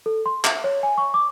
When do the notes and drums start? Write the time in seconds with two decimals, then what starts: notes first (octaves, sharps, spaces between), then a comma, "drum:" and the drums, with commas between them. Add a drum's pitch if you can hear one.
0.06 A4
0.26 C6
0.45 E5, drum: clap
0.64 C#5
0.83 G#5
0.98 C#6
1.14 D6